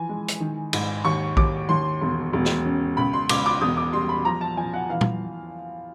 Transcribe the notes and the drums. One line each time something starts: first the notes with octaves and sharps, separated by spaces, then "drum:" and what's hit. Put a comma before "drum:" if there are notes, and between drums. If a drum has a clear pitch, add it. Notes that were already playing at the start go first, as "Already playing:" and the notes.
Already playing: E3 F3 G#5
G#3
drum: hi-hat
D#3
G#2, drum: cymbal
D#2 C#6
D#2 D6, drum: kick A#1
D#2 C6
E1
E1
drum: snare
C#3
C#2 B5
C6
C#2 D6, drum: cymbal
D6
E1 D#6
D6
G3 C6
B5
F3 A#5
A5
F3 G#5
F#5
E3 F5
drum: tom